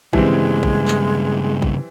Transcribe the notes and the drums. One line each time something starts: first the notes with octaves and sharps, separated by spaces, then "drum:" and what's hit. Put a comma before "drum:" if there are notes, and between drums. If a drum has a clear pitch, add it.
G2 C#3 E3 G3 G#3 C4, drum: kick A#1
drum: kick A#1
drum: clap
drum: kick A#1